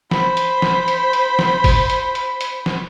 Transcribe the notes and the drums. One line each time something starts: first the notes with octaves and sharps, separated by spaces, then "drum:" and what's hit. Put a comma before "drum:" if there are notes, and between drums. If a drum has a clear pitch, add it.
C5 B5, drum: snare
drum: hi-hat
drum: snare
drum: hi-hat
drum: hi-hat
drum: snare
drum: kick G1, open hi-hat
drum: hi-hat
drum: hi-hat
drum: hi-hat
drum: snare